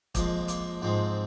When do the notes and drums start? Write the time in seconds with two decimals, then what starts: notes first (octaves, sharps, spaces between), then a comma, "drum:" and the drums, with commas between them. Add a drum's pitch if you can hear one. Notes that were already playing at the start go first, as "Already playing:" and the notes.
0.15 F2 F3 G#3 A#3, drum: kick, hi-hat
0.48 A#3, drum: hi-hat
0.81 G#2 F3 G#3 C4